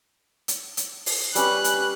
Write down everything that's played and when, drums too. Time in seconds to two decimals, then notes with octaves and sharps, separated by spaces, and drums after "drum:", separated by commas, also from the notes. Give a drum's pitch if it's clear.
0.48 drum: hi-hat
0.77 drum: hi-hat
1.06 drum: open hi-hat
1.35 G3 C#4 G4 B4 F#6, drum: hi-hat
1.64 drum: hi-hat